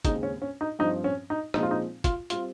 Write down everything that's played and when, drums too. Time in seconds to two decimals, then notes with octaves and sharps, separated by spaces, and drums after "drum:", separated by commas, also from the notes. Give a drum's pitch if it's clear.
0.05 D#2 C#3 G#3 C4 D#4, drum: kick, hi-hat
0.23 C#4
0.42 C#4
0.61 D#4
0.79 G2 F3 C4 D#4
1.04 C#4
1.30 D#4
1.54 A#2 F3 G#3 C4 D#4, drum: rim click
1.63 F4
1.71 D#4
2.04 F4, drum: kick, hi-hat
2.30 G3 C4 F4, drum: hi-hat